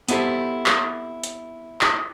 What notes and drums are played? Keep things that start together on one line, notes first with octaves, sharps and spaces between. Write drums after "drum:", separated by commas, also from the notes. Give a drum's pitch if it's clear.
B3 C4 E4 G4 A4, drum: hi-hat
drum: clap
drum: hi-hat
drum: clap